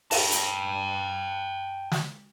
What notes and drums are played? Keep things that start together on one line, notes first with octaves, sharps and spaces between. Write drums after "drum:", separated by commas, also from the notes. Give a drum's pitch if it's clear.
G5 A5, drum: open hi-hat
drum: hi-hat
drum: snare